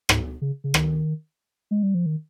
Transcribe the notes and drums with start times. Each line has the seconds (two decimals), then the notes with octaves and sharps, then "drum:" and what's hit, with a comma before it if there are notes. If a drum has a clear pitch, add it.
0.09 G#2, drum: rim click
0.42 C#3
0.64 C#3
0.74 D#3, drum: rim click
1.71 G#3
1.83 G3
1.94 F3
2.06 D#3